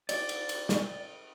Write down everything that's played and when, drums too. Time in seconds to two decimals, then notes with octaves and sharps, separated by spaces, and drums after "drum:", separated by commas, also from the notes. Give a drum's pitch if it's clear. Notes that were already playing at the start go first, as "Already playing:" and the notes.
0.09 D5, drum: cymbal
0.29 drum: cymbal
0.49 drum: cymbal
0.69 drum: snare